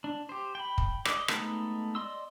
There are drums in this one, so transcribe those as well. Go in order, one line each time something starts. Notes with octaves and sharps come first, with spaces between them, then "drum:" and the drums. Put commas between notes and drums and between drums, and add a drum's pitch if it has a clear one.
D4
G4 C5
G5 B5
drum: kick
D5 D#5, drum: rim click
G#3 A3 B3 D#4 A4, drum: rim click
D5 D#5 C6 E6